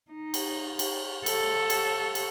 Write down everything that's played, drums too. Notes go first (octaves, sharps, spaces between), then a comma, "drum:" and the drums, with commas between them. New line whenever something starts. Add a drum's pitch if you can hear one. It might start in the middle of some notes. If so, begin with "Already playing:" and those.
D#4
drum: cymbal
drum: cymbal
A4, drum: cymbal
drum: cymbal
drum: cymbal